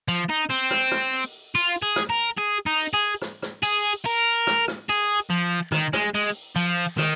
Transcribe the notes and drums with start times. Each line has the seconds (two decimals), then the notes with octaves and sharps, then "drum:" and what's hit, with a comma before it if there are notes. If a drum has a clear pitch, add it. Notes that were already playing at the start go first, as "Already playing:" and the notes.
0.08 F3
0.29 D#4
0.50 C4
0.71 drum: rim click
0.92 drum: rim click
1.13 drum: open hi-hat
1.55 F4, drum: open hi-hat
1.82 G#4
1.96 drum: rim click
2.10 A#4
2.38 G#4
2.66 D#4
2.80 drum: open hi-hat
2.93 G#4
3.22 drum: rim click
3.43 drum: rim click
3.63 G#4, drum: open hi-hat
4.05 A#4, drum: open hi-hat
4.47 drum: rim click
4.68 drum: rim click
4.89 G#4, drum: open hi-hat
5.30 F3
5.72 D#3, drum: rim click
5.93 G#3, drum: rim click
6.14 G#3, drum: open hi-hat
6.56 F3, drum: open hi-hat
6.99 D#3, drum: rim click